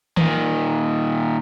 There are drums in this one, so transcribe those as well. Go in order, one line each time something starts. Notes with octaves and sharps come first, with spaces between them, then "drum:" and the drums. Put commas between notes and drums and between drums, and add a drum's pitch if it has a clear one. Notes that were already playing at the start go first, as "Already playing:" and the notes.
A#2 D#3, drum: tom D#3